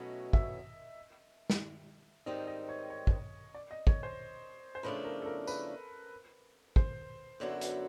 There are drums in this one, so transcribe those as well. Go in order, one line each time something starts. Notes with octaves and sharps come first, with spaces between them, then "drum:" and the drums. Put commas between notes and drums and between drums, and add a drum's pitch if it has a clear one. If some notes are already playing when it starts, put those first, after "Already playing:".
Already playing: B2 F#3 A3 C#4 E4 D#5
E5, drum: kick
drum: snare
G#2 D#3 G3 C4 D#4 D#5
D#5
C#5
C#5
drum: kick
D5
D#5
C#5, drum: kick
C5
C5
E2 C#3 F3 A3 D4 B4
A#4
A4
A#4
B4, drum: tambourine
C5, drum: kick
F#2 D3 F#3 B3 E4
drum: hi-hat